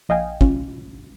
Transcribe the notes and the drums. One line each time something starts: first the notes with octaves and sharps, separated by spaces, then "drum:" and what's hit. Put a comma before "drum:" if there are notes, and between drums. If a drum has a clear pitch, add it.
A#1 D#5 F5 G5 G#5
C#4 F4, drum: kick